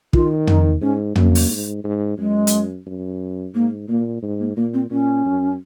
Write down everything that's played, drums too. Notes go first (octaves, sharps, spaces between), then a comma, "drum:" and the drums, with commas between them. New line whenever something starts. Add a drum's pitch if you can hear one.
D#3 F4, drum: kick
D#4, drum: tom
G#2 C#4
F#2 A#3, drum: tom
drum: open hi-hat
G#2
G#2
F#2 G#3
drum: hi-hat
F#2
G#2 A#3
A#2 A#3
G#2
A#3
A#2 A#3
C4
A#2 C#4
F#2